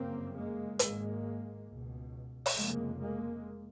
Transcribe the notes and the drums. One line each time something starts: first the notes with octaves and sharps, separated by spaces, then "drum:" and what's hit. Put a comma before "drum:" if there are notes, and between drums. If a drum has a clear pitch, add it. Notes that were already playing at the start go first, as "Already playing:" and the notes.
Already playing: G1 F#2 C#3 A#3 C4
G#3 A#3
G#1 G#2 G#3 A#3, drum: hi-hat
C#2 B2
drum: open hi-hat
F1 F2 C#3 G#3 A#3
G#3 A#3